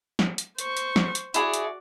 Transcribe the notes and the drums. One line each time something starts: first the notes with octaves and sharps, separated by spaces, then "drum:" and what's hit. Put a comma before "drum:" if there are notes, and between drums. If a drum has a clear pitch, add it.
drum: snare
drum: hi-hat
C5 C#6, drum: hi-hat
drum: hi-hat
drum: snare
drum: hi-hat
E4 F#4 G#4 D5, drum: hi-hat
drum: hi-hat